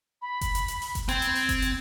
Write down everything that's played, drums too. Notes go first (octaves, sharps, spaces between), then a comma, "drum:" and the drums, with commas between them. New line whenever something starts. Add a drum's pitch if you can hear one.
B5
drum: kick F#1, hi-hat
drum: hi-hat
drum: hi-hat
drum: open hi-hat
drum: kick F#1, hi-hat
C4 G5 G#6, drum: hi-hat
drum: hi-hat
drum: open hi-hat
drum: kick F#1, hi-hat
drum: hi-hat